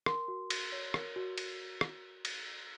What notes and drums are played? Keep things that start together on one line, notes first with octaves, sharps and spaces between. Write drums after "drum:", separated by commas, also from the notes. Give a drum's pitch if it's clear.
A#4 C6, drum: rim click
F#4
F#4, drum: cymbal
C#5
A#4, drum: rim click
F#4
drum: cymbal
drum: rim click
drum: cymbal